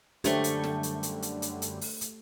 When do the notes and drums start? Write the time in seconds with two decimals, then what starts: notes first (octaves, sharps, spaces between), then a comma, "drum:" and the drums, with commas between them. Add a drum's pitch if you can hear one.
0.24 F#2 D3 G3 A3 D4 G4 C5 C#5, drum: hi-hat
0.44 drum: hi-hat
0.64 drum: snare
0.83 drum: hi-hat
1.03 drum: hi-hat
1.22 drum: hi-hat
1.42 drum: hi-hat
1.62 drum: hi-hat
1.81 drum: open hi-hat
2.01 drum: hi-hat